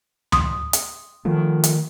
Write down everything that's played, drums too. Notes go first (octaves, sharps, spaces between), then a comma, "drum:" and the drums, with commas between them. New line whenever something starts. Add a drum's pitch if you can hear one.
C6 D#6, drum: tom D2
drum: hi-hat
D#3 F3 A3
drum: hi-hat